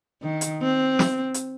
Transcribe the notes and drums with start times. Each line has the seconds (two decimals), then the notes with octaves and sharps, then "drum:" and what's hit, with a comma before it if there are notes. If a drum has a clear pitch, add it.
0.22 D#3
0.41 drum: hi-hat
0.62 C4
0.99 drum: snare
1.34 drum: hi-hat